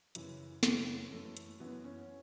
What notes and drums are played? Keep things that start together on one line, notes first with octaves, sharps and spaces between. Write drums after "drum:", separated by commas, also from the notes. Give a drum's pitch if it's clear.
F#2 C#3 E3, drum: hi-hat
F#2 C#3 E3, drum: snare
F#2 E3 A3
drum: hi-hat
F#2 E3 B3
C#4